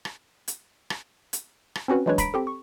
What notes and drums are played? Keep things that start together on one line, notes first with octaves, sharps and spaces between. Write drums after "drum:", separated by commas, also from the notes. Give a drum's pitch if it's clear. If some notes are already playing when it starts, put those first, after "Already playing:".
drum: rim click
drum: hi-hat
drum: rim click
drum: hi-hat
drum: rim click
C4 C#4 F#4 B4
E3 F#3 G#3 D4 B4 C#5
A#5 B5 B6 D7, drum: kick, hi-hat
C4 G4 A4
C#6